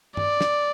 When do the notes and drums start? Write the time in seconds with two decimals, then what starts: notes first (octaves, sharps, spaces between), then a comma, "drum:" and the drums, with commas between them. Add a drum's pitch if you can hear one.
0.17 D5, drum: tom G2
0.41 drum: snare